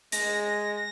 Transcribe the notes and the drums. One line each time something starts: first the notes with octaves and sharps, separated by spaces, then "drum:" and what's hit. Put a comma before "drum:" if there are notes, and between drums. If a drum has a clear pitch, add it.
G#3 A#6, drum: hi-hat
A#6
A#6